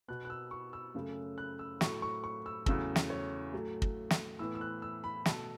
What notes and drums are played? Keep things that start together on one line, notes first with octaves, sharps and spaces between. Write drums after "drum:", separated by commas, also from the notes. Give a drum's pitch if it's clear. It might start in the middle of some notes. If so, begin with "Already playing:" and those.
B2 B3 F#6
F#6
E6
C#6
E6
F#2 C#3 A3
F#6
E6
A2 F#3 A3 C#6, drum: snare
C#6
C#6
E6
E2 C#3 F#3 A3 E6, drum: kick
drum: snare
C#5
A2 F#3 A3
drum: kick
drum: snare
A2 E3 B3 E6
E6
F#6
E6
B5
B2 A3 A5, drum: snare